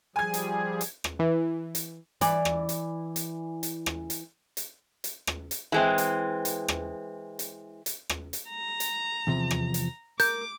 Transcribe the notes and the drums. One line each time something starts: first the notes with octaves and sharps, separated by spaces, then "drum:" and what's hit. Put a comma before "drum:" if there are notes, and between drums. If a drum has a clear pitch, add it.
F3 G3 G#4 G#5 G#6
drum: hi-hat
drum: hi-hat
drum: rim click
E3
drum: hi-hat
E3 D5, drum: hi-hat
drum: rim click
drum: hi-hat
drum: hi-hat
drum: hi-hat
drum: rim click
drum: hi-hat
drum: hi-hat
drum: hi-hat
drum: rim click
drum: hi-hat
E3 G#3 C4
drum: hi-hat
drum: hi-hat
drum: rim click
drum: hi-hat
drum: hi-hat
drum: rim click
drum: hi-hat
A#5
drum: hi-hat
E2 C3 F3
drum: rim click
drum: hi-hat
A#4 D6 G6, drum: hi-hat